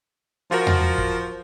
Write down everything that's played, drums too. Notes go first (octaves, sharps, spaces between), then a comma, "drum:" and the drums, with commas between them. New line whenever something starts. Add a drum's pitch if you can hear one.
F3 F4 F#4 A#4
drum: tom E2
drum: kick